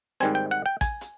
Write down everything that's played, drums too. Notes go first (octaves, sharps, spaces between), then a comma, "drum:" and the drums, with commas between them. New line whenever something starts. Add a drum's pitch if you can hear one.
G#2 D#3 G3 C4 G#5, drum: hi-hat
G5
F#5
G5
G#5, drum: kick A1, hi-hat
drum: hi-hat